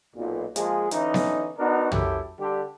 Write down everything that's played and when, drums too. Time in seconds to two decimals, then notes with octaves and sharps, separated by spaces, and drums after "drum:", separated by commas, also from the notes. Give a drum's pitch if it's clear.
0.16 B1 A#2
0.56 F3 G#3 A#3 G#4, drum: hi-hat
0.91 D3 E3 C#4 D#4, drum: hi-hat
1.14 drum: snare B3
1.58 B3 D4 D#4 F#4 A#4
1.92 F#2 E4 G4 A4, drum: tom
2.39 D3 G3 G4